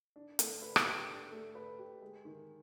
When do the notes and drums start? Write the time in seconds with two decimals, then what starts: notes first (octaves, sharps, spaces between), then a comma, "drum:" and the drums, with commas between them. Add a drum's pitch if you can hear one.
0.16 D4
0.39 A3, drum: hi-hat
0.62 B4
0.76 drum: rim click
0.85 G4
1.09 D4
1.32 A3
1.55 B4
1.79 G4
2.02 G#3
2.25 D#3